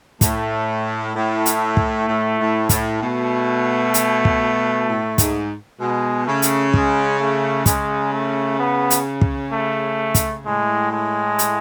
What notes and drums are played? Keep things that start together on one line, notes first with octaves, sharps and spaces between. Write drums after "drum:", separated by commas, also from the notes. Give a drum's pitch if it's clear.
A2 A3, drum: kick, hi-hat
A2 A3
drum: hi-hat
drum: kick
A2
A2
A2, drum: kick, hi-hat
B2 A3
drum: hi-hat
drum: kick
A2
G#2, drum: kick, hi-hat
B2 G#3
C#3 A3
drum: hi-hat
G#3, drum: kick
A3
C#3 G#3, drum: kick, hi-hat
A3
B3
drum: hi-hat
drum: kick
A3
drum: kick, hi-hat
A2 G#3
G#3
drum: hi-hat